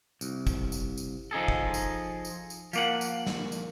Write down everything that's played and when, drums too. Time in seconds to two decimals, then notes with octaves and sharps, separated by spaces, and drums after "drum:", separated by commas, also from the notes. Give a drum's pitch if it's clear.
0.21 C2, drum: tambourine
0.47 drum: kick, tambourine
0.72 drum: tambourine
0.98 drum: tambourine
1.31 F3 D#4 G#4 A4
1.48 drum: kick
1.74 drum: tambourine
2.25 drum: tambourine
2.50 drum: tambourine
2.73 F3 A#3 F#5, drum: tambourine
3.01 drum: tambourine
3.26 drum: snare
3.52 drum: tambourine